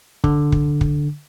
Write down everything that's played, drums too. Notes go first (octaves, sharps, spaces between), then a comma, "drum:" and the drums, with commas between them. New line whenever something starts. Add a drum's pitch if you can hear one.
D3, drum: kick
drum: kick
drum: kick